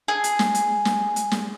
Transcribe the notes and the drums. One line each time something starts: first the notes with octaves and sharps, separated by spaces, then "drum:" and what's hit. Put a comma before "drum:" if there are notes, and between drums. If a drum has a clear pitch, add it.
G#4
drum: hi-hat
drum: snare
drum: hi-hat
drum: snare
drum: hi-hat
drum: snare